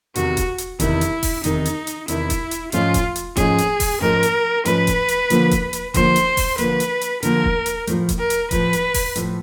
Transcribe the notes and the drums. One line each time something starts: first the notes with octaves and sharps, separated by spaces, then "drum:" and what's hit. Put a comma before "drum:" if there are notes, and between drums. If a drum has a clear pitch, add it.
E2 C3 D#3 F#4, drum: hi-hat
drum: kick E1, hi-hat
drum: hi-hat
E2 C3 D#3 E4, drum: kick E1, hi-hat
drum: hi-hat
drum: kick E1, open hi-hat
E2 C3 D#3 D#4, drum: hi-hat
drum: hi-hat
drum: hi-hat
E2 C3 D#3 E4, drum: hi-hat
drum: kick E1, hi-hat
drum: hi-hat
G#2 F3 A3 C#4 F4, drum: hi-hat
drum: kick E1, hi-hat
drum: hi-hat
G#2 F3 A3 C#4 G#4, drum: kick E1, hi-hat
drum: hi-hat
drum: kick E1, open hi-hat
G#2 F3 A3 C#4 A#4
drum: hi-hat
G#2 F3 A3 C#4 B4, drum: hi-hat
drum: kick E1, hi-hat
drum: hi-hat
D3 F3 A#3, drum: hi-hat
drum: kick E1, hi-hat
drum: hi-hat
D3 F3 A#3 C5, drum: kick E1, hi-hat
drum: hi-hat
drum: kick E1, open hi-hat
D3 F3 A#3 B4, drum: hi-hat
drum: hi-hat
drum: hi-hat
D3 F3 A#3 A#4, drum: hi-hat
drum: kick E1
drum: hi-hat
A2 F3 A3, drum: hi-hat
drum: kick E1, hi-hat
A#4
drum: hi-hat
A2 F3 A3 B4, drum: kick E1, hi-hat
drum: hi-hat
drum: kick E1, open hi-hat
A2 F3 A3, drum: hi-hat